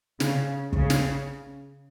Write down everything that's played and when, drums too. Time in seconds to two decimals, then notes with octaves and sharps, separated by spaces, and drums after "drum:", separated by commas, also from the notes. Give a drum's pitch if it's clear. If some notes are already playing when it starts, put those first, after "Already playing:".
0.20 C#3, drum: snare
0.73 C#3, drum: kick
0.90 drum: snare